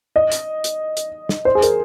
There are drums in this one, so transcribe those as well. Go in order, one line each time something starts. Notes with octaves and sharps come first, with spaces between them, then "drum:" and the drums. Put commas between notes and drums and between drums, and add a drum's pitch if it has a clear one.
D#5
drum: hi-hat
drum: hi-hat
drum: hi-hat
drum: snare
C5
G#4
A#4, drum: hi-hat